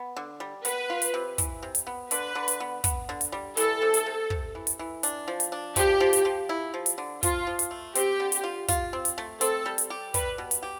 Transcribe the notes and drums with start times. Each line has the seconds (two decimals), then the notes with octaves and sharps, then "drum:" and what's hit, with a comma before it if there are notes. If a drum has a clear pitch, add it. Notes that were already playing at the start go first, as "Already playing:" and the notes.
Already playing: B3
0.16 D3
0.40 G3
0.65 B3 B4, drum: hi-hat
0.90 F4
1.02 drum: hi-hat
1.14 C3
1.38 E3, drum: kick, hi-hat
1.63 C3
1.75 drum: hi-hat
1.87 B3
2.11 D3 B4, drum: hi-hat
2.35 D3
2.48 drum: hi-hat
2.60 B3
2.84 B3, drum: kick, hi-hat
3.09 D3
3.21 drum: hi-hat
3.32 G3
3.57 E3 A4, drum: hi-hat
3.82 C3
3.94 drum: hi-hat
4.06 C3
4.30 C3, drum: kick
4.55 E3
4.67 drum: hi-hat
4.79 E3
5.03 D4, drum: hi-hat
5.28 F3
5.40 drum: hi-hat
5.52 D4
5.76 F3 G4, drum: kick, hi-hat
6.00 F3
6.13 drum: hi-hat
6.25 F3
6.49 E4
6.74 F3
6.86 drum: hi-hat
6.98 D3
7.23 F3 F4, drum: kick, hi-hat
7.47 F3
7.59 drum: hi-hat
7.71 A3
7.95 C4 G4, drum: hi-hat
8.20 D3
8.32 drum: hi-hat
8.44 F4
8.68 F4, drum: kick, hi-hat
8.93 C4
9.05 drum: hi-hat
9.18 A3
9.41 C4 A4, drum: hi-hat
9.66 G3
9.78 drum: hi-hat
9.90 G4
10.14 G3 B4, drum: kick, hi-hat
10.38 B2
10.51 drum: hi-hat
10.63 G4